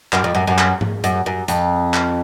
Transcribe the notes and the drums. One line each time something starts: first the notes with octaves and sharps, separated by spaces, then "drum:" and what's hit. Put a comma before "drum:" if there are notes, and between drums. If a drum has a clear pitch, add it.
F#2, drum: clap
F2
F#2
F#2
drum: clap
drum: tom G#2
F#2, drum: hi-hat
F#2
F2, drum: hi-hat
drum: clap